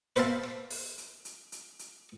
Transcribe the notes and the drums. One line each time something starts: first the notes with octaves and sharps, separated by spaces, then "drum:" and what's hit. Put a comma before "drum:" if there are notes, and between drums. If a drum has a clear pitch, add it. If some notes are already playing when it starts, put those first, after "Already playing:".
B4 C5 E5 F5 A5, drum: hi-hat
drum: rim click
drum: open hi-hat
drum: hi-hat
drum: hi-hat
drum: hi-hat
drum: hi-hat